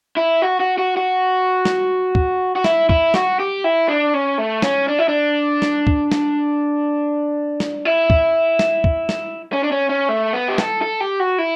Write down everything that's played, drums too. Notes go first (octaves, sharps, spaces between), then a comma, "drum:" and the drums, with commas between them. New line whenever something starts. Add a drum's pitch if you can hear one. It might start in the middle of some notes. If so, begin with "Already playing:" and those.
E4
F#4
F#4
F#4
F#4
drum: snare
drum: kick
F#4
E4, drum: snare
E4, drum: kick
F#4, drum: snare
G4
E4
D4
C#4
A3
C#4, drum: snare
D4
E4
D4
drum: snare
drum: kick
drum: snare
drum: snare
E4
drum: kick
drum: snare
drum: kick
drum: snare
C#4
D4
C#4
C#4
A3
B3
G4
A4, drum: snare
A4
G4
F#4
E4